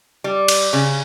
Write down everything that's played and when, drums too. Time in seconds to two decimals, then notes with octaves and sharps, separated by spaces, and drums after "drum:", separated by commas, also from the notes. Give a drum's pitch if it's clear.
0.24 G3
0.48 drum: cymbal
0.73 C#3